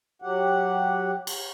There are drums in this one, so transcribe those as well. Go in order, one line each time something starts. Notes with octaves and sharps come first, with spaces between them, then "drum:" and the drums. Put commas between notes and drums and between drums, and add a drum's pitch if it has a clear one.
F#3 G4 F#5
drum: cymbal